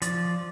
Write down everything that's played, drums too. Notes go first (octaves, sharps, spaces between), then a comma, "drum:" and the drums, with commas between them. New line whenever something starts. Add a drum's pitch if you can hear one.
F3 D5, drum: hi-hat